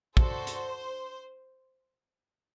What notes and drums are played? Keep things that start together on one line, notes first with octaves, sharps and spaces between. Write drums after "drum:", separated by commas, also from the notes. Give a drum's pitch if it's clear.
D4 F#4 A4 C5, drum: kick
drum: hi-hat